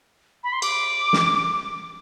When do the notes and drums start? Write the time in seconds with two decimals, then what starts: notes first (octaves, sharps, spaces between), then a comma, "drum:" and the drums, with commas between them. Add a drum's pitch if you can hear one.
0.44 B5
0.53 C6
0.62 D6, drum: cymbal
1.13 drum: snare